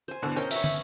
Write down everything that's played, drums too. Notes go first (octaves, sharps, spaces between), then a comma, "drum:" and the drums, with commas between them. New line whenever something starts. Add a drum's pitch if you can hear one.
C5 G#5
B2 D3 E3 D4
C#4 A#4 C5 D#5 G5
B4 C#5 E5, drum: open hi-hat
F#5, drum: tom